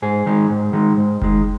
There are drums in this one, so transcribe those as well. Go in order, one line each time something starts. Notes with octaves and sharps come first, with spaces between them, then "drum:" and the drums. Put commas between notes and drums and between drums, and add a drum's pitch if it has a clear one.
G#2 G#4
D#3 G#3
G#2
D#3 G#3
G#2
D#3 G#3, drum: kick F1